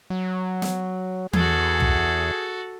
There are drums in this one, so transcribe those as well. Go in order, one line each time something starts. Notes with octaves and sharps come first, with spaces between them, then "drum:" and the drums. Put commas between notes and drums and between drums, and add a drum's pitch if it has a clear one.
F#3
drum: snare
E2 F#4 G#4 A4, drum: tom E3
drum: tom C2